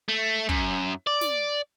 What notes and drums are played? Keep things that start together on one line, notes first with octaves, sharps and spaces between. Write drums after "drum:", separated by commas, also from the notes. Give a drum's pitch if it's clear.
A3
F#2, drum: kick
D5
drum: snare